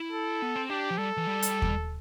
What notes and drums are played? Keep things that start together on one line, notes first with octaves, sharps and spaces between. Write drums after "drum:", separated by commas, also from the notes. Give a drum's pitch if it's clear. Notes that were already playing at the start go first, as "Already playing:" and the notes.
Already playing: E4
A4
B3
C4
D4 G4
F3
G3 A4
E3
G3
drum: hi-hat
drum: kick D#2